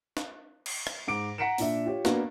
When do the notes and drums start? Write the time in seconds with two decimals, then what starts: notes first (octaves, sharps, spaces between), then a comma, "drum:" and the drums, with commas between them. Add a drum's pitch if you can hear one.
0.17 drum: snare
0.66 drum: cymbal
0.87 drum: rim click
1.08 G#2 D6 D7
1.38 F#5 A#5 B6 C#7 D7 E7
1.58 A#2 D4 E5, drum: open hi-hat
1.85 F4 G4 C#5
2.05 A#3 B3 D4 F#4, drum: snare